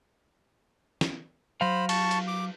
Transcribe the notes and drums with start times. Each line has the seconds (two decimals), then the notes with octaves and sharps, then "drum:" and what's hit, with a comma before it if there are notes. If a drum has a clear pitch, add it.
1.01 drum: snare
1.61 F#3 C5 F5 B5
1.89 A5 C#6, drum: cymbal
2.11 drum: hi-hat
2.28 D6